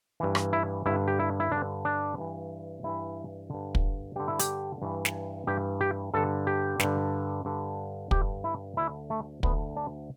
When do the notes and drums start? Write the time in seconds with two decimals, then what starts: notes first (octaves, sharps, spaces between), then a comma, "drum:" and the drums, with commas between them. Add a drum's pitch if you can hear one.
0.20 G2 E3
0.35 drum: rim click
0.53 E4
0.86 G2 D3 E4
1.08 G4
1.19 E4
1.40 E4
1.51 G2 D4
1.57 D3
1.85 D4
2.17 G2 E3
2.83 G2 E3 E4
3.50 G2 D3
3.75 drum: kick
4.16 G2 D3 G4
4.28 E4
4.39 G4, drum: hi-hat
4.82 G2 E3
5.05 drum: snare
5.47 G2 E3 G4
5.81 G4
6.14 G2 D3 A4
6.47 G4
6.80 G2 D3, drum: snare
7.45 G2 D3
8.11 G2 D3 G4, drum: kick
8.44 E4
8.77 D2 D3 E4
9.10 A3
9.43 D2 D3 B3, drum: kick
9.77 D4